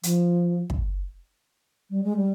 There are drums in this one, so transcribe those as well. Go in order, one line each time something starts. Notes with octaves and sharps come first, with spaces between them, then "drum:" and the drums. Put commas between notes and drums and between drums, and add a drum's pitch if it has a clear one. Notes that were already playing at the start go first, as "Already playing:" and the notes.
F3, drum: hi-hat
drum: kick
G3
G#3
G3